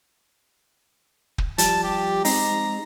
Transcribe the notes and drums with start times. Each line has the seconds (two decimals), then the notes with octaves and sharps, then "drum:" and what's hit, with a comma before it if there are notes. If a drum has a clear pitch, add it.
1.38 drum: kick
1.58 F3 G3 A5, drum: hi-hat
1.84 G4
2.25 G#3 C4 D#4 A#5, drum: open hi-hat